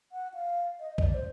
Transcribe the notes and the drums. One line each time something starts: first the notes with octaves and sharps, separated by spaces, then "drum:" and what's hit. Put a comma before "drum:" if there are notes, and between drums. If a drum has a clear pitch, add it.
F#5
F5
D#5
D#5, drum: kick
D5
C5